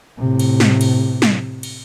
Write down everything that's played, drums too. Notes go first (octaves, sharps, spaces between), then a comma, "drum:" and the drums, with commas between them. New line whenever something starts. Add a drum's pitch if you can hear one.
A2 C3
drum: cymbal
drum: snare
drum: cymbal
drum: snare
drum: cymbal